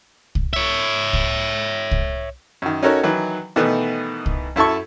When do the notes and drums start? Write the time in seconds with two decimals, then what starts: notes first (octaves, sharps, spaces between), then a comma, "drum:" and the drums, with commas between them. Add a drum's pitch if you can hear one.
0.35 drum: kick C2
0.53 C#5 E5
1.13 drum: kick C2
1.91 drum: kick C2
2.62 F#2 D#3
2.83 C#4 D#4 F#4 A4 A#4 C#5
3.03 D#3 E3 F#3 B4
3.56 B2 D#3 E3 A3 B3
4.26 drum: kick C2
4.56 F#2 E4 A4 A5 C#6